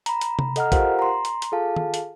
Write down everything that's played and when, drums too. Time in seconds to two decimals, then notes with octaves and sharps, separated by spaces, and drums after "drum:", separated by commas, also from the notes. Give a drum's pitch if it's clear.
0.06 A#5 B5, drum: hi-hat
0.21 drum: hi-hat
0.39 drum: tom C3
0.56 A4 D#5 F#5 A#5 F6, drum: hi-hat
0.72 F4 G4 A#4 C5 F5 F#5, drum: kick A1, hi-hat
0.99 A#5 C6
1.25 drum: hi-hat
1.42 drum: hi-hat
1.52 F4 G#4 A4 F5 A5
1.76 drum: tom
1.94 drum: hi-hat